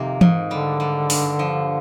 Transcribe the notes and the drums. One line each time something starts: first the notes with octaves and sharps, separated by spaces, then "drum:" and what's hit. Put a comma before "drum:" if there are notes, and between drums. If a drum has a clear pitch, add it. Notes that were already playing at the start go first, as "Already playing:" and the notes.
Already playing: F2 C3 D#3 A#3
G#2, drum: tom E3
D3 G3
G3
G2, drum: open hi-hat
F3